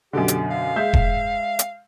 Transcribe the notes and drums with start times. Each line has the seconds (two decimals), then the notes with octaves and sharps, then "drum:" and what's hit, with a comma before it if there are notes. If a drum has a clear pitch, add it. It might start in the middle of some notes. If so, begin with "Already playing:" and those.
0.13 F#2 B2 D3 G4
0.28 drum: hi-hat
0.50 F5
0.76 G#3 E5 G6
0.93 drum: kick E1
1.59 drum: hi-hat